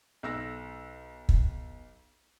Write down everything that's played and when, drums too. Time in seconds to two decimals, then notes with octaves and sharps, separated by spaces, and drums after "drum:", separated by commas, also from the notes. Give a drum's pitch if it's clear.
0.23 B1 E6 A#6
1.29 drum: kick